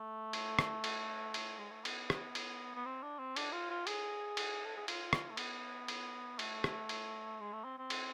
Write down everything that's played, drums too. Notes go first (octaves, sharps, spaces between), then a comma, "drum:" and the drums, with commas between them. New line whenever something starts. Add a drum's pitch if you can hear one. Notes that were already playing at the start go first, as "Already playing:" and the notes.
Already playing: A3
drum: cymbal
drum: rim click
drum: cymbal
drum: cymbal
G#3
A3
B3, drum: cymbal
drum: rim click
drum: cymbal
B3
C4
D4
C4
D4, drum: cymbal
F4
F4
G#4, drum: cymbal
drum: cymbal
A4
G#4
F4, drum: cymbal
drum: rim click
A3
B3, drum: cymbal
drum: cymbal
A3, drum: cymbal
drum: rim click
drum: cymbal
G#3
A3
C4
C4
drum: cymbal